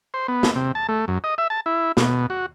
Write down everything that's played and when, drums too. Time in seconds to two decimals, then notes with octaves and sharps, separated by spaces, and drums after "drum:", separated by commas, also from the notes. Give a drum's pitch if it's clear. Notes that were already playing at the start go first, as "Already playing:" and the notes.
0.14 C5
0.28 B3
0.43 drum: snare
0.56 C3
0.75 A5
0.89 A3
1.08 F#2
1.24 D#5
1.38 E5
1.50 A5
1.66 E4
1.97 B2, drum: snare
2.30 F#4